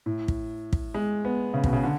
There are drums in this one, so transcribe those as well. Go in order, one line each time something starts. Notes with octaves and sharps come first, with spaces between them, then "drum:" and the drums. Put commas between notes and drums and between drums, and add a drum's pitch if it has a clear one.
A2
drum: kick
drum: kick
G#3
B3
C#3
B2, drum: kick
C#3
D3